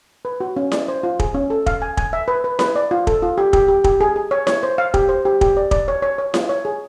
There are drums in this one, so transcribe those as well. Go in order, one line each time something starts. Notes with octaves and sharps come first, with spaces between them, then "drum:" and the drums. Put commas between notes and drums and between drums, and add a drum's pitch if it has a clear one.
B4
F#4
C#4
D5, drum: snare E4
C5
F4
G#4, drum: kick
C#4
A4
F5, drum: kick
G#5
G#5, drum: kick
E5
B4
B4
B4, drum: snare E4
D5
F4
A4, drum: kick
F4
G4
G4, drum: kick
G4
G4, drum: kick
G#4
G#4
C#5
C#5, drum: snare E4
C5
F5
G4, drum: kick
C5
G4
G4, drum: kick
D5
D5, drum: kick
C#5
C#5
C#5
F4, drum: snare E4
C#5
G#4